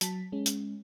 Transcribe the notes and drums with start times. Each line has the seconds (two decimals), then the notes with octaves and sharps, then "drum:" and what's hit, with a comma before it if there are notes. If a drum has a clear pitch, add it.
0.01 F#3 A5 B6, drum: hi-hat
0.32 G#3 C#4
0.46 drum: hi-hat